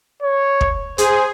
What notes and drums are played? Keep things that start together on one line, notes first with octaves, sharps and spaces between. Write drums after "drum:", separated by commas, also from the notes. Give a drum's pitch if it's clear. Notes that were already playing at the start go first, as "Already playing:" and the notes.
C#5
drum: kick
G#4 C5, drum: hi-hat